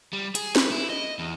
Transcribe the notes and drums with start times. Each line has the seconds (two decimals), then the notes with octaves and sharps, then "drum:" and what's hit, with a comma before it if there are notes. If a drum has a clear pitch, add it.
0.13 G3
0.35 G#4, drum: hi-hat
0.56 B4, drum: snare
0.71 E4
0.90 D#5
1.19 E2